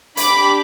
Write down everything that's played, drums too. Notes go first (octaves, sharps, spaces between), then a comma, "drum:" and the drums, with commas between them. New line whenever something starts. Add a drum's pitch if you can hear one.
D4 G4 B5 D6, drum: hi-hat